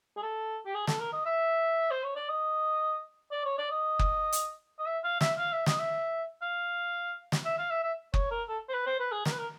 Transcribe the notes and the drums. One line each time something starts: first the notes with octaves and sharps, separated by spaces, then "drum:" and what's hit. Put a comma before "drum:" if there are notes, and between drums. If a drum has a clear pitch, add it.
G#4
A4
G4
G#4
A4, drum: snare
A#4
D#5
E5
C5
C#5
D5
D#5
D5
C#5
D5
D#5
drum: kick F#1
drum: hi-hat
D#5
E5
F5
E5, drum: snare
F5
E5
D#5, drum: snare
E5
F5
drum: snare
E5
F5
E5
E5
C#5, drum: kick F#1
A#4
A4
C5
B4
C5
B4
G#4
A#4, drum: snare
B4
A#4